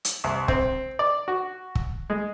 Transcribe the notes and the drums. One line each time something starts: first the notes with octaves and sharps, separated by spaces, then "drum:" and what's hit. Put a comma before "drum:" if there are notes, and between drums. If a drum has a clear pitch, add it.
drum: hi-hat
C2
C4, drum: kick
D5
F#4
drum: kick
G#3